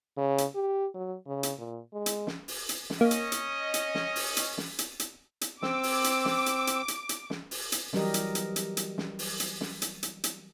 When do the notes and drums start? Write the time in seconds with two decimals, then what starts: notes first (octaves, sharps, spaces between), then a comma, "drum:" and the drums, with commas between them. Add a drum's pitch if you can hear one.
0.17 C#3
0.38 drum: hi-hat
0.55 G4
0.94 F#3
1.27 C#3
1.43 drum: hi-hat
1.59 A#2
1.93 G#3
2.06 drum: hi-hat
2.27 drum: snare
2.48 drum: open hi-hat
2.69 drum: hi-hat
2.90 drum: snare
3.01 A#3 C#4 D#5
3.11 drum: hi-hat
3.32 drum: hi-hat
3.74 drum: hi-hat
3.95 drum: snare
4.16 drum: open hi-hat
4.37 drum: hi-hat
4.58 drum: snare
4.79 drum: hi-hat
4.99 drum: hi-hat
5.41 drum: hi-hat
5.62 C4 D6 E6, drum: snare
5.83 drum: open hi-hat
6.04 drum: hi-hat
6.25 drum: snare
6.46 drum: hi-hat
6.67 drum: hi-hat
6.88 drum: hi-hat
7.09 drum: hi-hat
7.30 drum: snare
7.51 drum: open hi-hat
7.72 drum: hi-hat
7.93 E3 F#3 G3 G4 A#4 D#5, drum: snare
8.14 drum: hi-hat
8.35 drum: hi-hat
8.56 drum: hi-hat
8.77 drum: hi-hat
8.98 drum: snare
9.19 drum: open hi-hat
9.40 drum: hi-hat
9.61 drum: snare
9.82 drum: hi-hat
10.03 drum: hi-hat
10.24 drum: hi-hat